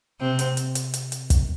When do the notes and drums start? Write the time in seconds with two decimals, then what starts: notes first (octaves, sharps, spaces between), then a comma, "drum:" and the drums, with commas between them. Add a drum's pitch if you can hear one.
0.20 C3 C4
0.39 drum: hi-hat
0.57 drum: hi-hat
0.75 drum: hi-hat
0.94 drum: hi-hat
1.12 drum: hi-hat
1.30 drum: kick, hi-hat